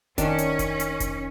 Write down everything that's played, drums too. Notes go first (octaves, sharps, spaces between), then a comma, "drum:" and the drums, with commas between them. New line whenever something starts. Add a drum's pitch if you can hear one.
D#3 C#4 D4, drum: kick F1, hi-hat
drum: hi-hat
drum: kick F1, hi-hat
drum: hi-hat
drum: kick F1, hi-hat